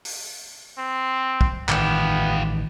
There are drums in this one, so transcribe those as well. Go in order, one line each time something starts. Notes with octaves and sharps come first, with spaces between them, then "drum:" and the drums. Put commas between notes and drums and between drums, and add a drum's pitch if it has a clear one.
drum: open hi-hat
C4
drum: kick
A1 D#3 B3 F4 G4, drum: clap